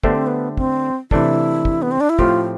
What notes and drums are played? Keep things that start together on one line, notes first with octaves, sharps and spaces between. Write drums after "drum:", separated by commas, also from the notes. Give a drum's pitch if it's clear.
D3 A3 B3 D4 G4 C5, drum: kick
C4
B3
C4, drum: kick
C3 E3 A3 D4 E4 A4, drum: kick
drum: kick
B3
C4
D4
E4
A2 F3 A3 C4 F4 G4, drum: kick